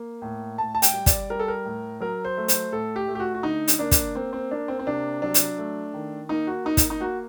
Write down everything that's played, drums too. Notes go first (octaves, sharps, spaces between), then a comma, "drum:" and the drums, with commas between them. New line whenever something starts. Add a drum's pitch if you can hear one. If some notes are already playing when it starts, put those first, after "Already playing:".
Already playing: A#3
A2
A2 A5
A5
G5, drum: hi-hat
G3
D5, drum: kick, hi-hat
G3 A#4
A4
A#4
A2
F#3 A#4
C5
A3
C5, drum: hi-hat
A2 A4
G4
A3
G4
F#4
F#4
D3 D#4
drum: hi-hat
A#3 D4
drum: kick, hi-hat
A#3 C4
C4
A#3 D4
C4
C4
C3 D4
F#3 D4
drum: hi-hat
A3
D#3
A#3 D#4
F#4
A#3 D#4
drum: kick, hi-hat
D#4
A#3 F#4